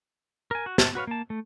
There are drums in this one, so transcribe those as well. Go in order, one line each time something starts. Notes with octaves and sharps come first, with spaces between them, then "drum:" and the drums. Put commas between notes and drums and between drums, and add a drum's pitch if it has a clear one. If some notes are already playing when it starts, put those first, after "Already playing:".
A#4 G#5
F#4
A5, drum: snare
F#4 B4 C#5 F5
A#3 A5
A3